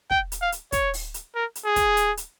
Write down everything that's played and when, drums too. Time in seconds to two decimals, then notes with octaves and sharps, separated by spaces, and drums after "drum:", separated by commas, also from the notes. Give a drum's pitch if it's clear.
0.10 G5, drum: kick
0.32 drum: hi-hat
0.42 F5
0.52 drum: hi-hat
0.72 C#5, drum: kick, hi-hat
0.94 drum: open hi-hat
1.14 drum: hi-hat
1.35 A#4
1.55 drum: hi-hat
1.65 G#4
1.76 drum: kick, hi-hat
1.97 drum: hi-hat
2.17 drum: hi-hat